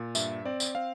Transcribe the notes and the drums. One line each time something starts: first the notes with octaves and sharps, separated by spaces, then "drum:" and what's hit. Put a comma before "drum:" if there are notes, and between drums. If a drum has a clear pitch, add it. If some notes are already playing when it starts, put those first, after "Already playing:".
Already playing: A#2
G2 E5, drum: tambourine
C4 D5
drum: tambourine
C4 F5